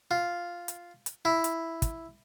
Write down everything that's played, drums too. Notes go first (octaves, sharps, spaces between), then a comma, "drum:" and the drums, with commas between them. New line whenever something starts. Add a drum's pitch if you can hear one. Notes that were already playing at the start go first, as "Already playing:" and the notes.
F4
drum: hi-hat
drum: hi-hat
E4
drum: hi-hat
drum: kick, hi-hat